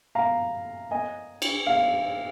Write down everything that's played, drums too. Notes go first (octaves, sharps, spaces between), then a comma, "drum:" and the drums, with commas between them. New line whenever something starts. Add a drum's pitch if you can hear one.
F5 A#5
D#5 G#5
drum: cymbal
F5